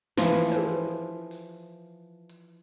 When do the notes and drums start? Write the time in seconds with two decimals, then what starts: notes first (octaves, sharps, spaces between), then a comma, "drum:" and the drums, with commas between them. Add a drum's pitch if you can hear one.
0.17 E3 F3, drum: snare
0.52 drum: tom
1.31 drum: open hi-hat
2.30 drum: hi-hat